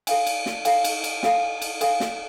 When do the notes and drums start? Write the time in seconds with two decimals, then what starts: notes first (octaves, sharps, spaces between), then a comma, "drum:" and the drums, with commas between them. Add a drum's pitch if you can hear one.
0.07 A4 F5 G#5, drum: cymbal
0.27 drum: cymbal
0.46 drum: snare
0.65 A4 F5 G#5, drum: cymbal
0.84 drum: cymbal
1.04 drum: cymbal
1.23 A4 F5 G#5, drum: snare
1.62 drum: cymbal
1.81 A4 F5 G#5, drum: cymbal
2.00 drum: snare